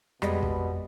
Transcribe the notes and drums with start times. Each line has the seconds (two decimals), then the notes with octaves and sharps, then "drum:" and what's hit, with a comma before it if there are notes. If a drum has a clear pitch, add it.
0.22 F2 B2 G3 G#3 B3, drum: rim click
0.43 drum: kick